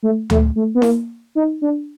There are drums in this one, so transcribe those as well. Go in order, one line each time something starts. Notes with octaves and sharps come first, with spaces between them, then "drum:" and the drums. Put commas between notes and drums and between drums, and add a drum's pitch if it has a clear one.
A3
A3, drum: tom D2
A3
B3
A#3, drum: snare E4
D#4
D4